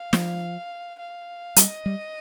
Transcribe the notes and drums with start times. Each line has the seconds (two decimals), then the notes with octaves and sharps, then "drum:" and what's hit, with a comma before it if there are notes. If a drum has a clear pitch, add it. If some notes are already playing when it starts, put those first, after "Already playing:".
Already playing: F5
0.13 F3, drum: snare
0.99 F5
1.56 G3 D#5, drum: hi-hat
1.86 G3